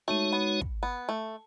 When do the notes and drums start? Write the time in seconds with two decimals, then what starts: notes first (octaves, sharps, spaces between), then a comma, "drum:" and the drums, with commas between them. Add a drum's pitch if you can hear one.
0.08 G#3 A3 D#4 F#4 C#5
0.32 B3
0.61 drum: kick
0.83 B3
1.09 A3